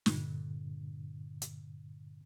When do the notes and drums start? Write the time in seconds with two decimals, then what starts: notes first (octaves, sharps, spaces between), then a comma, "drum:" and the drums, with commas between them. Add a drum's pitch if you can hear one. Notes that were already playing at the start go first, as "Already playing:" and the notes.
0.06 G2 A#2 D3, drum: snare
1.42 drum: hi-hat